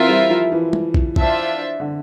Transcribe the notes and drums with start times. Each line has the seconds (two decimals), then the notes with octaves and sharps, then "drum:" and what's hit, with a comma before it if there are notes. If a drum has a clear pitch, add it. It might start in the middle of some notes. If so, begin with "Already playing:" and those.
Already playing: E3 C4 F4 A#4 E5
0.09 G3
0.30 F3
0.52 E3
0.73 drum: tom
0.94 drum: kick
1.16 D4 F4 C5 E5 A5, drum: kick
1.80 D3